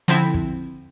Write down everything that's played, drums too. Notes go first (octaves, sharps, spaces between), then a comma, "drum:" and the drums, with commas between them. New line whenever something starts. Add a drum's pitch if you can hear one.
D3 F3 C4 E4, drum: snare
drum: kick